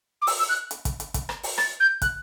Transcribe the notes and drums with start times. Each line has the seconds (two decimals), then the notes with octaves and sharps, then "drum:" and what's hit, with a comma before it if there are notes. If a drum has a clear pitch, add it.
0.21 D6
0.27 E6, drum: open hi-hat
0.38 E6
0.49 F#6
0.71 drum: hi-hat
0.85 drum: kick, hi-hat
1.00 drum: hi-hat
1.14 drum: kick, hi-hat
1.29 drum: rim click
1.43 drum: open hi-hat
1.57 A6, drum: rim click
1.80 G6
2.02 F#6, drum: kick, hi-hat